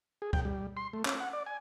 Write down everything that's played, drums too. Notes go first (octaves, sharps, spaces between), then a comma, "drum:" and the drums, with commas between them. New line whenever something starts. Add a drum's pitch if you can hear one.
G#4
G5, drum: kick C#2
G3
C6
A3
C#4, drum: clap
F#5
D5
G#5